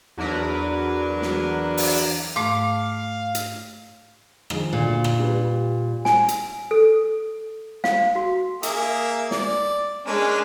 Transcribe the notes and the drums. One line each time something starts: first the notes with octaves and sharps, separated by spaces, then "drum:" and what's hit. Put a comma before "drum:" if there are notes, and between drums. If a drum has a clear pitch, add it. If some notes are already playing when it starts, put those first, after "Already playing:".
E2 F#3 D4 A#4 B4
drum: snare
drum: open hi-hat
G#2 A3 F5 D6
drum: hi-hat
D#3 F3 G#3, drum: rim click
D2 A#2
drum: rim click
G3 B4
G#5, drum: snare
drum: hi-hat
A4
F5, drum: snare
F#4
A#3 G#4 E5, drum: hi-hat
D5, drum: snare
G#3 C#4 D4 A#4